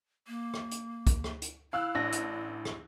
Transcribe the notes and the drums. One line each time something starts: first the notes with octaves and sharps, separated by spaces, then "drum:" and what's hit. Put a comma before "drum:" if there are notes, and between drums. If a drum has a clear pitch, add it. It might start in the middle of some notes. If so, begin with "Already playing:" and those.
A#3
drum: rim click
drum: hi-hat
drum: kick, hi-hat
drum: rim click
drum: hi-hat
E4 F5 E6 F#6
A1 D4 A#6
drum: hi-hat
drum: rim click